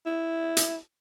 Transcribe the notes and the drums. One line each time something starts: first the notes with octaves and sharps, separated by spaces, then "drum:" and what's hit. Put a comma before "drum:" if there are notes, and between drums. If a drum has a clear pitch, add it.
E4
drum: hi-hat